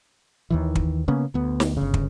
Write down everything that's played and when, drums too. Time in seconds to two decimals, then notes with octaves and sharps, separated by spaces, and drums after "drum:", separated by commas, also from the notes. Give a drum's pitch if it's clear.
0.50 D#2 D#3 E3
0.75 drum: kick
1.08 C#3 A#3 B3 C#4
1.34 D2 B3
1.60 drum: snare
1.77 G1 C#3
1.94 drum: kick